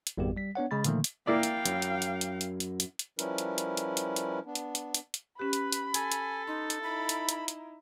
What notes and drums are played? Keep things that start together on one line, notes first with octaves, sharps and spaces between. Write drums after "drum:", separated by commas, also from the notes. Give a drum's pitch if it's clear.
drum: hi-hat
G#1 F2 G3 B3 G4
G3 B6
B3 D4 C#5 F#5
C#3 G#3 B5 A6
A#2 D3 D#3 F3 A3 A#3, drum: hi-hat
drum: hi-hat
A#3 E4 D5 F5 G5
drum: hi-hat
F#2, drum: hi-hat
drum: hi-hat
drum: hi-hat
drum: hi-hat
drum: hi-hat
drum: hi-hat
drum: hi-hat
drum: hi-hat
F3 G3 C#4 E4 A#4 B4, drum: hi-hat
drum: hi-hat
drum: hi-hat
drum: hi-hat
drum: hi-hat
drum: hi-hat
B3 D4
drum: hi-hat
drum: hi-hat
drum: hi-hat
drum: hi-hat
C#4 G4 B4 B5
drum: hi-hat
drum: hi-hat
A4 G#5 G#6, drum: hi-hat
drum: hi-hat
D#4 C6
drum: hi-hat
D#4 E4 B5
drum: hi-hat
drum: hi-hat
drum: hi-hat